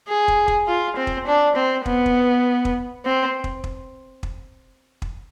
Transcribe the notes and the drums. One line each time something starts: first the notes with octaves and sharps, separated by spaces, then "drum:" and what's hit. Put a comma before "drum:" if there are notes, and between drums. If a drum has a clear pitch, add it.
G#4
drum: kick
drum: kick
F4
C4
drum: kick
D4
C4
B3, drum: kick
drum: kick
drum: kick
C4
drum: kick
drum: kick
drum: kick
drum: kick